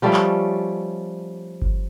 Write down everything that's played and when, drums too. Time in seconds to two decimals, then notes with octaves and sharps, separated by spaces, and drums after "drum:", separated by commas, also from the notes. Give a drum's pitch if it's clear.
0.02 F3 G3 A3 C#4
0.14 drum: clap
1.62 drum: kick G1